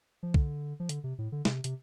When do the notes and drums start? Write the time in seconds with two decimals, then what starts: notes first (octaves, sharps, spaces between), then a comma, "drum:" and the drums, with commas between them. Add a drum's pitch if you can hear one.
0.23 F3
0.34 D3, drum: kick B1
0.80 F3
0.89 D3, drum: hi-hat
1.04 C3
1.18 A2
1.32 D3
1.45 C3, drum: snare
1.64 C3, drum: hi-hat